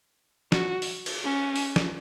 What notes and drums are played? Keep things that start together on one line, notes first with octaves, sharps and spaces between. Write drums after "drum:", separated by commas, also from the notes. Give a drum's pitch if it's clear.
F#4, drum: snare
drum: open hi-hat
drum: cymbal
C#4
drum: open hi-hat
drum: snare